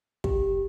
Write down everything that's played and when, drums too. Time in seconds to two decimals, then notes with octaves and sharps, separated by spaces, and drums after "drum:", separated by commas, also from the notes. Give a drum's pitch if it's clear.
0.24 G4, drum: kick